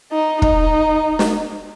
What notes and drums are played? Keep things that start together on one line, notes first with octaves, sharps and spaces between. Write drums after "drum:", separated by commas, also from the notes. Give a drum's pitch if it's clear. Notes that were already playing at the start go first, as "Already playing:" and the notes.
D#4
D#4, drum: kick
drum: snare